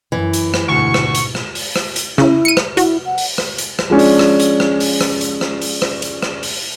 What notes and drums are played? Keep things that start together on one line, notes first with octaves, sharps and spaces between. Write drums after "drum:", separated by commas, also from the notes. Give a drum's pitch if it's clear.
F#2 E3
drum: hi-hat
drum: rim click
D2 G#2 B2 F#4 C#6
drum: rim click
drum: hi-hat
drum: rim click
drum: open hi-hat
drum: rim click
drum: hi-hat
C#3 E4, drum: rim click
C#7 D#7
drum: rim click
E4 F#4, drum: hi-hat
F#5
drum: open hi-hat
drum: rim click
drum: hi-hat
drum: rim click
F3 G#3 C#4 D4
drum: open hi-hat
drum: rim click
drum: hi-hat
drum: rim click
drum: open hi-hat
drum: rim click
drum: hi-hat
drum: rim click
drum: open hi-hat
drum: rim click
drum: hi-hat
drum: rim click
drum: open hi-hat